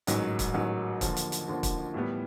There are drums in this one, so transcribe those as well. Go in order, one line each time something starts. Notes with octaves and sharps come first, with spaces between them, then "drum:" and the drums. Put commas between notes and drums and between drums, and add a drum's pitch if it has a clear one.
A1 G#2 D#3 F#3, drum: hi-hat
drum: kick, hi-hat
A1 G#2 D#3 F#3
D#2 D3 F3, drum: kick, hi-hat
drum: hi-hat
drum: hi-hat
D#2 D3 F3
drum: kick, hi-hat
A2 E3 G3 B3